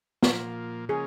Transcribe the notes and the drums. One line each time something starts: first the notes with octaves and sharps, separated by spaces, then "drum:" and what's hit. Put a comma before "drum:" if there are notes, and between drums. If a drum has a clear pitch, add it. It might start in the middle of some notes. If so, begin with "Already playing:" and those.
A#2 F3 A#3 F4, drum: snare
C#3 F3 A#3 C#4 G#4